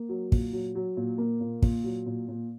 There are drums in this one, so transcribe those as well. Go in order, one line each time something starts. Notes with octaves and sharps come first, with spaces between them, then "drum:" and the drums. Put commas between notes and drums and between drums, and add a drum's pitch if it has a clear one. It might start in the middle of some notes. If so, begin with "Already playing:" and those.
Already playing: A#3
F#3
A#2, drum: kick
F#3
F#3
A#2
A#3
A#2
A#2, drum: kick
F#3
A#2
A#2